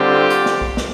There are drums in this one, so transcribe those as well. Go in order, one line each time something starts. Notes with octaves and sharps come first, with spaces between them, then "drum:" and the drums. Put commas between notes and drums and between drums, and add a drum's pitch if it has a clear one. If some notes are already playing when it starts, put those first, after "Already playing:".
Already playing: D3 G3 C4 F4 G4
drum: hi-hat
drum: snare
drum: kick A#1
drum: snare